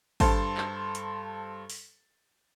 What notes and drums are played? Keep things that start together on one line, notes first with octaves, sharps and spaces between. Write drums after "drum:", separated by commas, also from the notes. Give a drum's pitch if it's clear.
G2 A4 C5 A5, drum: kick G#1, open hi-hat
drum: clap
drum: hi-hat
drum: open hi-hat